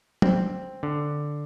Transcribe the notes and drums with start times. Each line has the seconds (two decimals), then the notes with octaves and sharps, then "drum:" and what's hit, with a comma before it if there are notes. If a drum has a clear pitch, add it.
0.22 C4, drum: tom
0.83 D3